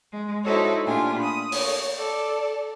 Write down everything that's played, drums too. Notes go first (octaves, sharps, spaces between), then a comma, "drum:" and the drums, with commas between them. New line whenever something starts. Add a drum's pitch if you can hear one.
G#3
D#4 E4 F#4 A4 C5 C#5
A#2 A3 D4 F4 G4 G#5
B5 D#6
C#5, drum: open hi-hat
A4 D5